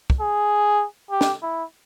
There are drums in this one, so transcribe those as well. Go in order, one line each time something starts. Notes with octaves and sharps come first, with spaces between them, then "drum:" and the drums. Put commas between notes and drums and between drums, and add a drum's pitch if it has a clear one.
drum: kick
G#4
G4
drum: snare
E4